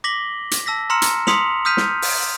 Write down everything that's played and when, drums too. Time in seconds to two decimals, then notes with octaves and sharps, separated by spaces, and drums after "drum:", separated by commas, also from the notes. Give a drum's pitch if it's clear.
0.04 D6 A#6 B6 F#7 G7
0.51 drum: hi-hat
0.66 A5 E6 A#6 B6
0.90 A#5 C6 E6 F6 C#7 E7
1.02 drum: hi-hat
1.27 C6 D#6 B6 C#7 F7 F#7, drum: snare
1.65 D#6 F6 G6 B6 D#7 F7
1.77 drum: snare
2.02 drum: open hi-hat